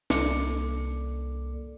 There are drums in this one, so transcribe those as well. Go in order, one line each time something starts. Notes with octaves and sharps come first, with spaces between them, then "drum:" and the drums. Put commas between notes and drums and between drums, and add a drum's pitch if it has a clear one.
C2 A#3 A4 D5 D6 C#7, drum: snare